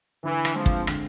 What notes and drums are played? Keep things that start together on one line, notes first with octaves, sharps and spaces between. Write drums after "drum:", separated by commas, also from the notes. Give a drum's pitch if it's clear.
D3 E3
drum: rim click
F3 G#3 C4
drum: kick
D3, drum: rim click